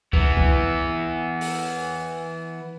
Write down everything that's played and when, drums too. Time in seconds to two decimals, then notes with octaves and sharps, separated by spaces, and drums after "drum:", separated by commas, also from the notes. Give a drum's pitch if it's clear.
0.13 E3 B3, drum: kick
0.37 drum: kick
1.41 drum: open hi-hat